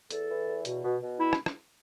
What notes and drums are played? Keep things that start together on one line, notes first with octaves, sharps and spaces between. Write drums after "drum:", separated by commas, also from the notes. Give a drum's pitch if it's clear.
E2 A4, drum: hi-hat
E3
E2
B2, drum: hi-hat
B2
B2
E4
drum: rim click
drum: rim click